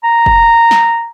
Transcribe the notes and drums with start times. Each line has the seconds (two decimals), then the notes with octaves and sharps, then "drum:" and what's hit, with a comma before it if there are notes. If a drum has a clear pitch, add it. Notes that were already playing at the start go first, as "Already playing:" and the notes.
0.04 A#5
0.26 drum: kick
0.71 drum: snare